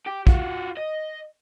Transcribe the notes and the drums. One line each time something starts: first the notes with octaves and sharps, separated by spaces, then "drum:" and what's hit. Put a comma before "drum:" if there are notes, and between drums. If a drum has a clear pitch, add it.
G4
F4 F#4, drum: kick
D#5